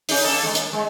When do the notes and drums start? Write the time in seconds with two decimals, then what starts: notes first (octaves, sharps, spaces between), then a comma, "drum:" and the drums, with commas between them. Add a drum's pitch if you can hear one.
0.09 C#4 D#4, drum: open hi-hat
0.24 A#3 A4
0.42 F2 G#3
0.55 A#3, drum: hi-hat
0.73 G#3